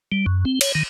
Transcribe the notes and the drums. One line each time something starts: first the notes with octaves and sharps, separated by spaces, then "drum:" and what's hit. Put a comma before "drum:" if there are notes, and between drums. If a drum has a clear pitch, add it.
G3
F#2
C4
C#5, drum: cymbal
D#3